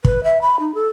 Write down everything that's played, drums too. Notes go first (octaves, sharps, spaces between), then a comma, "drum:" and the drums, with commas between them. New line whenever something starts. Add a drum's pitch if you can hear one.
B4, drum: kick
E5
B5
D#4
A4